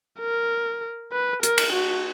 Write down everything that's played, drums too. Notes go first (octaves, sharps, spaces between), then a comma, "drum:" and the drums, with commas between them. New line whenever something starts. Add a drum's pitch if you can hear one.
A#4
B4
A#4, drum: hi-hat
drum: cymbal
F#4